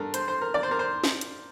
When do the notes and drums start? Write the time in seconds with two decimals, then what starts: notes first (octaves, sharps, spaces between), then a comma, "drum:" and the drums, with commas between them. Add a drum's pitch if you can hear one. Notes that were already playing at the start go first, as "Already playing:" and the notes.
Already playing: G2 A4 A#4
0.14 C5, drum: hi-hat
0.28 C5
0.41 A#4
0.54 D5
0.63 C5
0.71 A#4
0.79 C5
1.04 drum: snare
1.21 drum: hi-hat